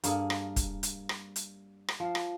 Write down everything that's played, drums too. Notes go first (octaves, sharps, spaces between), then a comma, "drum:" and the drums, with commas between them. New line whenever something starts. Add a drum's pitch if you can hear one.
G2 A#3 G#4 A4, drum: hi-hat
drum: rim click
drum: kick, hi-hat
drum: hi-hat
drum: rim click
drum: hi-hat
drum: rim click
F3 F5
drum: rim click